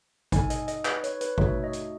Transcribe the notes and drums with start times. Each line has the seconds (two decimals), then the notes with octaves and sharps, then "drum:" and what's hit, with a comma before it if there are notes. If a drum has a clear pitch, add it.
0.32 D#4 A4 G#5, drum: kick, hi-hat
0.50 D#5, drum: hi-hat
0.68 D#5, drum: hi-hat
0.85 B4, drum: clap
1.04 C#5, drum: hi-hat
1.21 B4, drum: hi-hat
1.38 A3 D#4 F#4 A4 C#5, drum: kick
1.64 D#5
1.73 drum: hi-hat